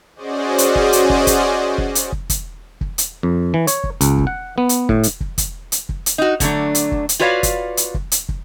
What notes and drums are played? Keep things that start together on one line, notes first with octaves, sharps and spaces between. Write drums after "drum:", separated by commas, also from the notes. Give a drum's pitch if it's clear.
C#4 F#4 G#4 C5 D5 D#5
drum: hi-hat
drum: kick
drum: hi-hat
drum: kick
drum: kick, hi-hat
drum: kick
drum: hi-hat
drum: kick
drum: kick, hi-hat
drum: kick
drum: hi-hat
F2
E3
C#5, drum: hi-hat
drum: kick
C#2, drum: hi-hat
drum: kick
F#5
B3
drum: hi-hat
A2, drum: kick
drum: hi-hat
drum: kick
drum: kick, hi-hat
drum: hi-hat
drum: kick
drum: hi-hat
D#4 F#4
D3 F#3 A3 D4, drum: kick, hi-hat
drum: hi-hat
drum: kick
drum: hi-hat
F4 F#4 B4 C#5 D5 F5
drum: kick, hi-hat
drum: hi-hat
drum: kick
drum: hi-hat
drum: kick